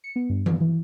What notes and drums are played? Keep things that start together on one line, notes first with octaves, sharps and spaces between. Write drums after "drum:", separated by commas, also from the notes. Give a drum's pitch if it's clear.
C#7
B3
G2
D#3, drum: tom E3
E3